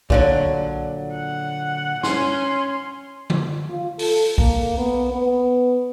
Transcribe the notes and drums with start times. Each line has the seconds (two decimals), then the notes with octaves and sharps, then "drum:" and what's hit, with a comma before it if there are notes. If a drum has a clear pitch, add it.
0.10 A#2 D3 F#3, drum: kick B1
1.14 F#5
2.03 C#4 C6, drum: snare
3.30 drum: tom D3
3.69 F4
3.99 A4, drum: open hi-hat
4.38 A#3, drum: kick B1
4.78 B3
5.12 B3